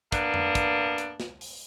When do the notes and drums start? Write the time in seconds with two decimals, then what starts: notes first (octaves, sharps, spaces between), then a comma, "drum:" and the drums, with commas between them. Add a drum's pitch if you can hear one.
0.12 A#3 B3 D4, drum: kick, hi-hat
0.34 drum: tom F2
0.55 drum: kick, hi-hat
0.98 drum: hi-hat
1.20 drum: snare
1.41 drum: open hi-hat